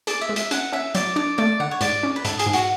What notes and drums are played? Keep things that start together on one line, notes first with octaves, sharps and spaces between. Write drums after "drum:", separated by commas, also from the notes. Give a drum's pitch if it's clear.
G#4 D5, drum: hi-hat
E5
G#3
E5, drum: hi-hat
C#4 F#5, drum: hi-hat
C#4 E5
F#3 D5, drum: hi-hat
D4 D5
A3 D5
D3 F#5
C#5
G#2 D5, drum: hi-hat
C#4
B4
G#2 A4, drum: hi-hat
G#4, drum: hi-hat
G#2
F#4, drum: hi-hat